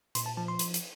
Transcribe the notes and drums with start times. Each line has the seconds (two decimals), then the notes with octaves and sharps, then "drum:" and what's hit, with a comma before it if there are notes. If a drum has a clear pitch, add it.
0.15 A#2 C6, drum: hi-hat
0.26 A5
0.37 F3 A5
0.48 C6
0.59 drum: hi-hat
0.74 drum: hi-hat